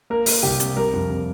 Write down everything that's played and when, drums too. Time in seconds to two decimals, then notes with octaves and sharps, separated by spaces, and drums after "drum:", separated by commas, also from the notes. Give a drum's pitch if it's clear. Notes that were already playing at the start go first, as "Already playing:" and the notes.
0.10 A#3 A#4
0.26 A#3, drum: open hi-hat
0.43 C2 G4
0.60 C3, drum: hi-hat
0.77 G3 A#4
0.93 F2
1.09 C3